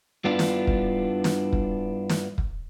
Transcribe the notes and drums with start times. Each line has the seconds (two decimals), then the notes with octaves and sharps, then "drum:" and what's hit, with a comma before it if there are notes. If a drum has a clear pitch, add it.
0.25 G2 B3 D4 E4 F4
0.39 drum: snare
0.67 drum: kick
1.24 drum: snare
1.53 drum: kick
2.09 drum: snare
2.38 drum: kick